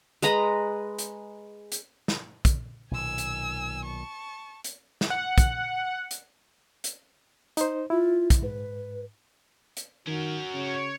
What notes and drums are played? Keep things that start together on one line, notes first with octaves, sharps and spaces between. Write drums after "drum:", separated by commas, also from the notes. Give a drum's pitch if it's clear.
G#3 B4 A#5 B5, drum: hi-hat
drum: hi-hat
drum: hi-hat
drum: snare
drum: kick, hi-hat
B1 A#2 D#3 G#5 E6
drum: hi-hat
A5 C#6
drum: hi-hat
drum: snare
F#5
drum: kick, hi-hat
drum: hi-hat
drum: hi-hat
D#4 C5, drum: hi-hat
E4 F4
drum: kick, hi-hat
G#2 B4
drum: hi-hat
D#3 C#4 F#4 A#4
C#3 C#5